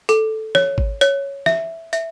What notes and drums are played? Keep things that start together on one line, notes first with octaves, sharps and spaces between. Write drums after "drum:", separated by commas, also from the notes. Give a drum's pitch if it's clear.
A4, drum: hi-hat
C#5, drum: snare
drum: kick G#1
C#5, drum: hi-hat
E5, drum: snare
E5, drum: hi-hat